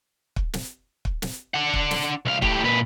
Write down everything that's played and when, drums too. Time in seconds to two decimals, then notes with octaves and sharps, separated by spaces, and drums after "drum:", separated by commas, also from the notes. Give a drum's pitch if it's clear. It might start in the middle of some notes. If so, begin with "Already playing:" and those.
0.36 drum: kick
0.53 drum: snare
1.05 drum: kick
1.22 drum: snare
1.54 D4 F#5
1.74 drum: kick
1.91 drum: snare
2.26 C2 F5
2.42 A2 G4, drum: kick
2.64 A#2 B4